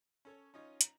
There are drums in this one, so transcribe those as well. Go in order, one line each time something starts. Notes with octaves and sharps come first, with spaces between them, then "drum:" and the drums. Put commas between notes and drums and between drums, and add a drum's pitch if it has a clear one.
C#4 A4 C#5
C#4 D#4 F4 C#5 D#5
A#5, drum: hi-hat